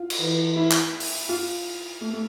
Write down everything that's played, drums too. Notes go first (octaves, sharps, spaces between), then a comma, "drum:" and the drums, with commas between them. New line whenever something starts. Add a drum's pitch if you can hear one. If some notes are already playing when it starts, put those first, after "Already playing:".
Already playing: F4
drum: cymbal
E3
E4
drum: clap
drum: open hi-hat
F4
A3
A3